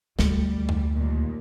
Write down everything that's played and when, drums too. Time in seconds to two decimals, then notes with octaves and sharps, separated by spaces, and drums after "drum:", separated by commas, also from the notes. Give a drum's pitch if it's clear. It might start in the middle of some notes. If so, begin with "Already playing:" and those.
0.19 D2 G3, drum: snare
0.69 drum: tom F2
0.94 D#2 A#2